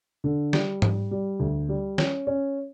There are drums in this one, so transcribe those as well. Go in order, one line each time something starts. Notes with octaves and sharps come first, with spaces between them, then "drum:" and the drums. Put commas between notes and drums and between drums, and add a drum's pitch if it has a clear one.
D3
G3, drum: snare
G3, drum: tom G#2
G3
D2
G3
C#4, drum: snare
C#4